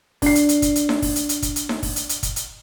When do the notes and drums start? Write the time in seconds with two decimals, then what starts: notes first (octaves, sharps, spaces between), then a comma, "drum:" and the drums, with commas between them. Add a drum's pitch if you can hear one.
0.22 D4 C7, drum: kick, open hi-hat
0.35 drum: hi-hat
0.49 drum: hi-hat
0.62 drum: kick, hi-hat
0.76 drum: hi-hat
0.89 drum: snare D#4
1.02 drum: kick, open hi-hat
1.16 drum: hi-hat
1.29 drum: hi-hat
1.42 drum: kick, hi-hat
1.56 drum: hi-hat
1.69 drum: snare D#4
1.83 drum: kick, open hi-hat
1.96 drum: hi-hat
2.09 drum: hi-hat
2.23 drum: kick, hi-hat
2.36 drum: hi-hat